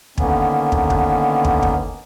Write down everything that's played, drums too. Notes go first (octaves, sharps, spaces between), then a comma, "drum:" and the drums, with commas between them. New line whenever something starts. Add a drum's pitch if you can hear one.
D3 D#3 A#3 B3 C#4, drum: kick
drum: kick
drum: kick
drum: kick
drum: kick